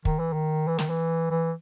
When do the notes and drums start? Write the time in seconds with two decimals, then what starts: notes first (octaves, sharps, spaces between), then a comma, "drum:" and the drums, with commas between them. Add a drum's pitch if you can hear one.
0.05 D#3, drum: kick
0.19 E3
0.33 D#3
0.68 E3
0.79 D#3, drum: snare
0.90 E3
1.30 E3